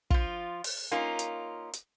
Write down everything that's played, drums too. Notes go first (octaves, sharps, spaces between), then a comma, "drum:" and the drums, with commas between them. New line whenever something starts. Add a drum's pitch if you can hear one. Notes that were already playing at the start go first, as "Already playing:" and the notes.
F3 F4, drum: kick
drum: open hi-hat
A#3 C#4 D#4 F4
drum: hi-hat
drum: hi-hat